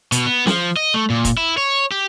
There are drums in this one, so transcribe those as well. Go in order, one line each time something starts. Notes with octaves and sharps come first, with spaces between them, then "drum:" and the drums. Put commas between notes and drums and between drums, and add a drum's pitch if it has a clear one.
B2, drum: hi-hat
B3
F3, drum: snare
D#5
A3
A#2
drum: kick, hi-hat
E4
C#5
G4